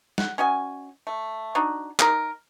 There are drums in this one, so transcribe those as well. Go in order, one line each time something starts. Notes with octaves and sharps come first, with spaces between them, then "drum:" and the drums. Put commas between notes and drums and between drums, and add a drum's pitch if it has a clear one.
F#5, drum: snare
C#4 F#4 D#5 G#5
A3
D4 D#4 F#4
D#4 A#4, drum: clap